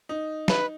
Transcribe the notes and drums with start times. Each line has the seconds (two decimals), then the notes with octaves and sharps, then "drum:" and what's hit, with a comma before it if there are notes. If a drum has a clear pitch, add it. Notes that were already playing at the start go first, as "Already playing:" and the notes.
0.09 D#4
0.48 B4, drum: snare